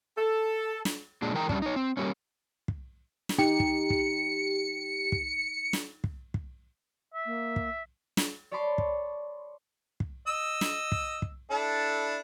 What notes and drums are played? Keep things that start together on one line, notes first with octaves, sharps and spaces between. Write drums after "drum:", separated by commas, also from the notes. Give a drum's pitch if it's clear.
A4
drum: snare
A#2 G#3 D4
E3 G#3 A#4 G5 G#5 A#5
G3 A#3 C#4 D4, drum: kick
D#4 C#5
C4
G3 A#3 C#4
drum: kick
drum: snare
D#4 G4 C#7
drum: kick
drum: kick
drum: kick
drum: snare
drum: kick
drum: kick
E5
A#3
drum: kick
drum: snare
C#5 D5 A5 B5 C6 D6
drum: kick
drum: kick
D#5 E6
drum: snare
drum: kick
drum: kick
D4 E4 A4